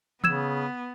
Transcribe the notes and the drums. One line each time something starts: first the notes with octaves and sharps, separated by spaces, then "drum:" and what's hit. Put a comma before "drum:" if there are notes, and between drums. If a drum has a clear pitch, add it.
C#3 B3 E6 G#6 E7, drum: tom E3